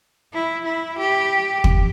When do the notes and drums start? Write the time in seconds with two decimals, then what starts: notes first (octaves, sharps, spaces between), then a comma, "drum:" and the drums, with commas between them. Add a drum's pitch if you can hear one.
0.33 E4
0.65 E4
0.98 G4
1.64 drum: kick